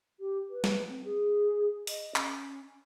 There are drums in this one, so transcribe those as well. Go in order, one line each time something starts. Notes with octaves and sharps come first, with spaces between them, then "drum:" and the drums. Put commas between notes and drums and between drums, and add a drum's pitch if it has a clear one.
G4
B4
drum: snare
C4
G#4
D#5, drum: open hi-hat
C#4, drum: clap